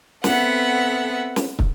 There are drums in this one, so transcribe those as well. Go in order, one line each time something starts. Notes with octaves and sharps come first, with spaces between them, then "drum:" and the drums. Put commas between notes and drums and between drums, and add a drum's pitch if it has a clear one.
B3 C4 A4 E5 F#5, drum: snare
drum: snare
drum: kick